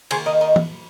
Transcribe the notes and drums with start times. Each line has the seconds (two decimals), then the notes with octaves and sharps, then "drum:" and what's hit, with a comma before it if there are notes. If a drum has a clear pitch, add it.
0.11 D#3 A#3 G#4 C5, drum: cymbal
0.26 A#4 D#5
0.41 A#4 D#5
0.56 drum: tom E3